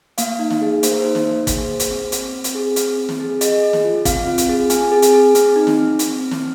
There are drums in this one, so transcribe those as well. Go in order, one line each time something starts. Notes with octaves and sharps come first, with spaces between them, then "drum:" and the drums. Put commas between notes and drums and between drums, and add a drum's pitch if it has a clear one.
A#3 F5, drum: hi-hat
D#4
drum: snare
G#4
A#3 C5, drum: hi-hat
A#4
D#4 C5
drum: snare
A#3
G#4 C5, drum: kick, hi-hat
G#4
drum: hi-hat
C4
C4, drum: hi-hat
C4
drum: hi-hat
G#4
C4, drum: hi-hat
C4
drum: snare
G#4
G#4 D#5, drum: hi-hat
G#4
drum: snare
F4
C4 F5, drum: kick, hi-hat
F4
drum: hi-hat
G#4
C4 G#5, drum: hi-hat
G#4
drum: hi-hat
G#4
C4, drum: hi-hat
D#4
drum: snare
C4
C4, drum: hi-hat
C4
drum: snare